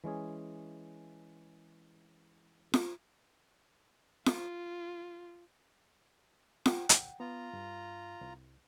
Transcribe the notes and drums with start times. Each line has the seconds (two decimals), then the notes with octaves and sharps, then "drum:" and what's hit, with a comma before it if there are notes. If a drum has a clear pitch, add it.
0.04 E3 G#3 C#4 G#4
2.74 drum: snare F4
4.26 F4, drum: snare F4
6.66 F#5 G5, drum: snare F4
6.89 drum: hi-hat
7.20 B3 F4 A#5
7.53 G2
8.21 C2